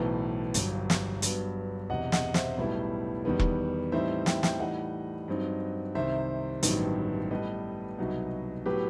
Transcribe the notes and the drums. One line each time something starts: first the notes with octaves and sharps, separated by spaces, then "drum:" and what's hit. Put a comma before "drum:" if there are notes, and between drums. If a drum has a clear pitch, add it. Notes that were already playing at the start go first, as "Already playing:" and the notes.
Already playing: B1 A2 E3 B3 C5
G1 G2 F#3, drum: hi-hat
drum: snare
G2 F#3 B3, drum: hi-hat
E1 E2 C3 D#5 F#5
D#5 F#5, drum: snare
C5 E5, drum: snare
B1 A2 G3 B3 E4
E2 D#3 G3 B3
drum: kick E1
A2 E3 G3 C4 D#4 C5 E5
E5 G5, drum: snare
E5 G5, drum: snare
A2 E3 G3 D#4 D#5 F#5
G2 F#3 C4 D#4
C2 C3 D#3 C5 E5
A1 G2 D#3 F#3 B3, drum: hi-hat
A2 G3 B3 B4 D#5
C2 B2 F#3 B3 D#4
A2 F#3 B3 G4 B4